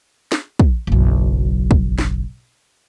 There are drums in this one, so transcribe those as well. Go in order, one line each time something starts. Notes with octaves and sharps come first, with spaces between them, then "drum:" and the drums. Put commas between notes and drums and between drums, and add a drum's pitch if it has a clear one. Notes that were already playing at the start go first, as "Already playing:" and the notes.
drum: snare
drum: kick
F#1 B1
drum: kick
drum: snare